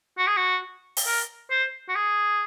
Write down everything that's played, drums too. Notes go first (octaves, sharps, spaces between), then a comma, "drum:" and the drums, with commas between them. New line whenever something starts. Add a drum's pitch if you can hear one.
F#4
G#4
F#4
drum: open hi-hat
A#4
C5
F#4
G#4